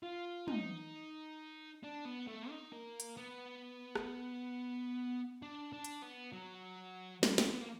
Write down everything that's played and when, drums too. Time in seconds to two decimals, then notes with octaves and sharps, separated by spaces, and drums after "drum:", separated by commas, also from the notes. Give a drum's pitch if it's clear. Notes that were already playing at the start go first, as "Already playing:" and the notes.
0.03 F4
0.48 D#4, drum: tom
1.83 D4
2.05 B3
2.27 A3
2.50 D#4
2.73 A#3
3.00 drum: hi-hat
3.17 B3
3.95 drum: rim click
5.42 D4
5.73 D4
5.84 drum: hi-hat
6.02 B3
6.32 F#3
7.23 G3, drum: snare
7.38 G3, drum: snare
7.45 G#3
7.53 B3
7.61 A#3